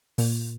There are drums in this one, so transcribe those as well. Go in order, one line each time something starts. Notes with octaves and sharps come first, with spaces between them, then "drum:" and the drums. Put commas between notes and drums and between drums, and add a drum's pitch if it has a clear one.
A#2, drum: open hi-hat